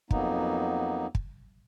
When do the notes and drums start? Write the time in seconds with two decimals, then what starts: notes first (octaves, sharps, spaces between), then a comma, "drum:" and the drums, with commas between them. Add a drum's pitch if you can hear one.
0.11 F2 F#3 A#3 B3 D#4, drum: kick
1.15 drum: kick